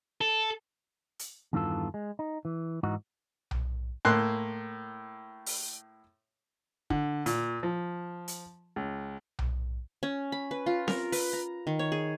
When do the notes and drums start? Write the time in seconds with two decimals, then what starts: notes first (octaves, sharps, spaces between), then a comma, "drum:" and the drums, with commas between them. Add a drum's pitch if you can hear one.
0.21 A4
1.19 drum: hi-hat
1.53 E2 G2 D#3 E3 F4 A4
1.94 G#3
2.19 D#4
2.45 E3
2.83 G#2 E3 D#4 F#4
3.51 drum: tom B1
4.05 A2 A#3 C6 F#6
5.46 drum: open hi-hat
6.90 D3, drum: kick
7.26 A#2, drum: hi-hat
7.63 F3
8.28 drum: hi-hat
8.76 C#2
9.39 drum: tom B1
10.03 C#4
10.32 B5
10.51 B4
10.66 F4
10.88 A#4, drum: snare C4
11.12 B4, drum: open hi-hat
11.33 A#5
11.67 D#3
11.79 C#5
11.92 G#4